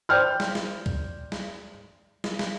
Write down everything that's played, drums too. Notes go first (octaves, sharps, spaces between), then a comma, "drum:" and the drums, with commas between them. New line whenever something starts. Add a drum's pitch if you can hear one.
C5 D5 G5 F6 G6
drum: snare
drum: snare
drum: kick
drum: snare
drum: snare
drum: snare